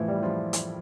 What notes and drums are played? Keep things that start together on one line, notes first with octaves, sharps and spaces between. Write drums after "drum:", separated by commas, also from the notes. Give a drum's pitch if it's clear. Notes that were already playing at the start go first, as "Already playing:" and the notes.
Already playing: A2 E3 F3 E4 F4
G3
F3 F4
drum: hi-hat